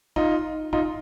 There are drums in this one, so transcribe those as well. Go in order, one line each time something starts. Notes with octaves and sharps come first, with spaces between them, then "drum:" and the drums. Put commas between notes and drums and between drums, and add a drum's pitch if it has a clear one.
D#4 F4, drum: kick
D#4 F4, drum: kick